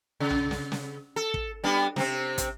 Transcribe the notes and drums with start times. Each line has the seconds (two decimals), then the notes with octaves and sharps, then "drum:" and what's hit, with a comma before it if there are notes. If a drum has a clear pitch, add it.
0.20 C#3
0.30 drum: tom B1
0.51 drum: snare
0.72 drum: snare
1.16 A4
1.34 drum: kick
1.64 G3 B3 D4
1.96 C3 C4, drum: snare
2.38 drum: kick, hi-hat